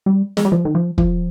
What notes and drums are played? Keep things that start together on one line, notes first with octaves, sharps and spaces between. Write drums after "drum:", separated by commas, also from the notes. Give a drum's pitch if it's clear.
G3
G#3, drum: snare
G3
F3
D#3
F3
F3, drum: kick